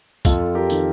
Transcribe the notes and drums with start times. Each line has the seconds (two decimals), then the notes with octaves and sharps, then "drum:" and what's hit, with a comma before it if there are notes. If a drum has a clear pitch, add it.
0.25 F2 F4 A4, drum: kick, tambourine
0.55 G4 A#4
0.70 D#3, drum: tambourine